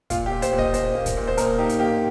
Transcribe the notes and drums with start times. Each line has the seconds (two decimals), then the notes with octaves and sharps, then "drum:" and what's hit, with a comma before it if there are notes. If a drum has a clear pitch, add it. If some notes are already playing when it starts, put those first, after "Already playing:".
0.10 A#2 F4, drum: kick, hi-hat
0.26 G4
0.32 A#2
0.42 C5, drum: hi-hat
0.52 A#2
0.58 D#5, drum: kick
0.74 A#2 C5, drum: hi-hat
0.95 A#3
1.06 drum: kick, hi-hat
1.17 A#2
1.28 C5
1.37 A#2 A#4, drum: hi-hat
1.59 D#4 G4
1.69 drum: hi-hat
1.80 A#3 G4